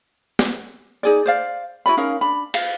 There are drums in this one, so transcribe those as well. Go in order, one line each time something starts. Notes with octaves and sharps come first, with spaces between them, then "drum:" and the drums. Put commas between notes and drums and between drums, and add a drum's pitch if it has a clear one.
drum: snare
D#4 G#4 D5
C5 D5 F5
E4 F#4 D5 B5
C#4 D#4 A#4 F5
D4 B5
F5, drum: cymbal